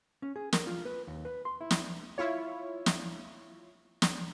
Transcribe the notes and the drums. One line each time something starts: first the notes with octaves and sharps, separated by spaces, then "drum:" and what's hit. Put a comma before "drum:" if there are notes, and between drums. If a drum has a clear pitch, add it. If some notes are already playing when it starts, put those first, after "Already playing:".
C#4
G#4
A#4, drum: snare
F4
B4
D#2
B4
C6
E4
drum: snare
E4 F4 C#5
drum: snare
drum: snare